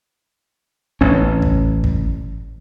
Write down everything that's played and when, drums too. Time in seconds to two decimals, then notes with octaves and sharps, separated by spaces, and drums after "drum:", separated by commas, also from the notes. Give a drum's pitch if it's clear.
1.01 A1 C#4
1.42 drum: kick
1.84 drum: kick